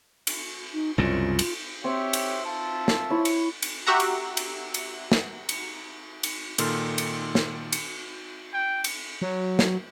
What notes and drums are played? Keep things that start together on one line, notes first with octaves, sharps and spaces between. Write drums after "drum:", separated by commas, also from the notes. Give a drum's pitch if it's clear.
drum: cymbal
D#4
C2 F#2 C#3 F4
drum: cymbal
C4 G4 C#5 E5
drum: cymbal
F4 E5 A5
drum: snare
E4 C#5
drum: cymbal
drum: cymbal
F#4 G4 E5 F#5 A#5
drum: cymbal
drum: cymbal
drum: cymbal
drum: snare
drum: cymbal
drum: cymbal
A#2 D#3 A4 C6 F6, drum: cymbal
drum: cymbal
drum: snare
drum: cymbal
G5
drum: cymbal
F#3
drum: snare